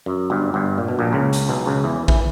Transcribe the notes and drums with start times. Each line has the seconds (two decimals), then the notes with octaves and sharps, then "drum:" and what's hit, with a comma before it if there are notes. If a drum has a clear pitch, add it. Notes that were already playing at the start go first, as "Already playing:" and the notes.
0.06 F#2
0.30 G1 G2
0.54 G1 G2
0.78 A#2
0.88 B2
0.99 A#1 A#2
1.13 C#2 C#3
1.33 drum: hi-hat
1.49 B1 B2
1.66 C#2 C#3
1.84 E2 E3
2.08 E3, drum: kick A1